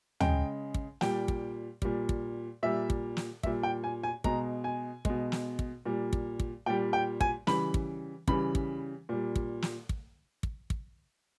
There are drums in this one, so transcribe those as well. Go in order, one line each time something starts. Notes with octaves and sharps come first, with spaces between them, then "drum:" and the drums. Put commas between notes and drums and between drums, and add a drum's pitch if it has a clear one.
C#3 G#3 G5, drum: tom
drum: kick
A#2 G3 G5, drum: snare
drum: kick
A#2 G3, drum: kick
drum: kick
A#2 G3 E5
drum: kick
drum: snare
A#2 G3 E5, drum: kick
G5
G#5
G#5
B2 G#3 A#5, drum: kick
G#5
B2 G#3, drum: kick
drum: snare
drum: kick
A#2 G3
drum: kick
drum: kick
A#2 G3 G5
G5
G#5, drum: kick
C#3 E3 G3 B5, drum: snare
drum: kick
C#3 E3 G3 B5, drum: kick
drum: kick
A#2 G3
drum: kick
drum: snare
drum: kick
drum: kick
drum: kick